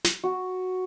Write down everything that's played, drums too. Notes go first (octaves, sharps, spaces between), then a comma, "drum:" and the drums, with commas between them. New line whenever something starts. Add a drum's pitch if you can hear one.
drum: snare
F#4